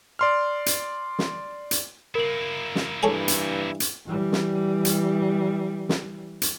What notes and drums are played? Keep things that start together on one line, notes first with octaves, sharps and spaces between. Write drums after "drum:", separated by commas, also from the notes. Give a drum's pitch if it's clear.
D5 C6 F6
drum: hi-hat
drum: snare
drum: hi-hat
A#3 E4 A#4 F#7
drum: snare
G2 E3 G#4 A4 C#5
drum: hi-hat
drum: hi-hat
E3 G3
drum: snare
drum: hi-hat
drum: snare
drum: hi-hat